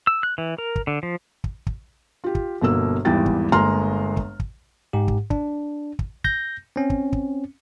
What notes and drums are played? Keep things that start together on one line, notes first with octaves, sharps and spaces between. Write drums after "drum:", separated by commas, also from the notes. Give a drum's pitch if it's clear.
E6
F#6
E3
A#4
drum: kick
D3
F3
drum: kick
drum: kick
F4 G4
drum: kick
G1 B2 A#3 E6
G#1 E2 E3 G3 G5 A6
drum: kick
G1 G#3 A#3 A#5 C6 F6
drum: kick
drum: kick
G#2 G4
drum: kick
D4, drum: kick
drum: kick
G6 A#6, drum: kick
C4 C#4
drum: kick
drum: kick